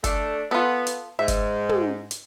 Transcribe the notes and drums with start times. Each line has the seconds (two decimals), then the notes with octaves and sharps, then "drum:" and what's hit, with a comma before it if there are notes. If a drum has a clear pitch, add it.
0.04 A3 D4 A4, drum: kick, hi-hat
0.51 B3 F4 A4
0.87 drum: hi-hat
1.19 G#2 E5
1.28 drum: kick, hi-hat
1.69 drum: tom
2.11 drum: hi-hat